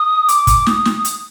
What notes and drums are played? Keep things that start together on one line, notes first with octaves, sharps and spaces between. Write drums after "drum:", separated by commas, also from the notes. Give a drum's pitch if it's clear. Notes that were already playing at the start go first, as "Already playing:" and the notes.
Already playing: D#6
D6, drum: hi-hat
drum: kick, hi-hat
D#6, drum: snare
drum: snare
drum: hi-hat